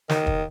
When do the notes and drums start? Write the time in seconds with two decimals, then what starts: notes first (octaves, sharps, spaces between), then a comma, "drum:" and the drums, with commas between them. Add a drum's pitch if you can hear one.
0.09 D#3, drum: snare
0.27 drum: kick